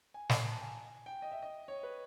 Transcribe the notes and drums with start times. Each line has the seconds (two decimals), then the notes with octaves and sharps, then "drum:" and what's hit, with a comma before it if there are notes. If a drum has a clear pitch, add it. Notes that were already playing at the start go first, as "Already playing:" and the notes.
0.14 G#5
0.29 A#5, drum: snare
0.45 A5
0.61 G#5
1.06 G5
1.22 D#5
1.32 E5
1.42 D#5
1.68 C#5
1.83 B4